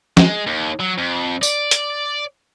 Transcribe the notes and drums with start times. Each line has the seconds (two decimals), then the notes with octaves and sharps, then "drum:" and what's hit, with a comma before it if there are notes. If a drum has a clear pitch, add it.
0.17 G#3, drum: snare
0.47 D#2
0.80 F#3
0.98 F2
1.43 D5, drum: tambourine
1.71 drum: hi-hat